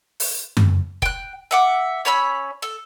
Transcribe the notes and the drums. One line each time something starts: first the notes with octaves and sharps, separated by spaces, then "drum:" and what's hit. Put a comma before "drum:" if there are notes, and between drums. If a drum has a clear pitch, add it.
drum: open hi-hat
drum: tom F#2
G5 F#6, drum: kick F1
E5 F#5 D6
C#4 C#5 B5 E6
A4